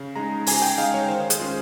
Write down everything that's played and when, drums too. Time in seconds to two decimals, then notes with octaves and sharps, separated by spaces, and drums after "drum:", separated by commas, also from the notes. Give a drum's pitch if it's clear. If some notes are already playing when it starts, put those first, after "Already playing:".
Already playing: C#3
0.16 G#3 D#4 A#5
0.47 C#3 G#5, drum: open hi-hat
0.62 G5
0.78 G#3 D#4 F5
0.94 C#5
1.08 D#3 C5
1.30 G#4, drum: hi-hat
1.40 G#3 C#4 F4